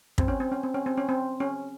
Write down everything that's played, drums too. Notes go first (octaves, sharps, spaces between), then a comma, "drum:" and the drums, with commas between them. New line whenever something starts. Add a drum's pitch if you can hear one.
C4, drum: kick
C#4
C4
C#4
C4
C#4
C4
C#4
C4
C#4